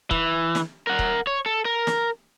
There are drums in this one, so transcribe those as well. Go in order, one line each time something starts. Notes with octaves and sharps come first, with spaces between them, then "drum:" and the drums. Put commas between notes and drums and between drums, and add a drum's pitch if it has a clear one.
E3, drum: kick
drum: snare
A#4 F#5
drum: kick
C#5
A4
A#4
drum: snare